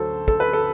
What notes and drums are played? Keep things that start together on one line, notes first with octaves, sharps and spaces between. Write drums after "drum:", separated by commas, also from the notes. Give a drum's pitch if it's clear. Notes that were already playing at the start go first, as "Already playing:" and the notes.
Already playing: D2 D3 F#3 A4 C5
A4, drum: kick
B4
A4